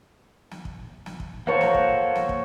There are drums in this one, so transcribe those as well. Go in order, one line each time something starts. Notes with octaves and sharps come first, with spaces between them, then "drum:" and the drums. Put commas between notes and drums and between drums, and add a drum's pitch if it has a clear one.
drum: snare
drum: kick
drum: snare
drum: kick
A#3 A4 A#4 C5 C#5 F#5
drum: snare
drum: kick
drum: snare
drum: kick